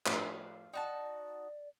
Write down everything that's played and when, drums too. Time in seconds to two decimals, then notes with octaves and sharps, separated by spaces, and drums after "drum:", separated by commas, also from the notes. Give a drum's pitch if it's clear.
0.06 A2 F3 D4 F5, drum: clap
0.74 D#4 F#4 D5 G5 A5